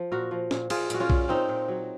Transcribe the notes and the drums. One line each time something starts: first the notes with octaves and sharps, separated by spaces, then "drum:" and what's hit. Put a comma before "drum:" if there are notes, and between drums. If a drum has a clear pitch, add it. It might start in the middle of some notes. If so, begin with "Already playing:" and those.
Already playing: F3
A#2 F#4 A#4
F3
A#2, drum: snare
A#2 F4 G#4, drum: cymbal
A#2 F#4, drum: hi-hat
C#4 F4
A#2, drum: kick B1
A#2 C4 D#4
A#2
F#3